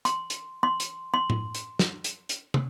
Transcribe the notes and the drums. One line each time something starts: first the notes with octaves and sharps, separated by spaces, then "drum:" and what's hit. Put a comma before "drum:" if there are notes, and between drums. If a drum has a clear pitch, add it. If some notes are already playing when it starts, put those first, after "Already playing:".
C6, drum: hi-hat
drum: hi-hat
C6
drum: hi-hat
C6
drum: tom A2
drum: hi-hat
drum: snare
drum: hi-hat
drum: hi-hat
drum: tom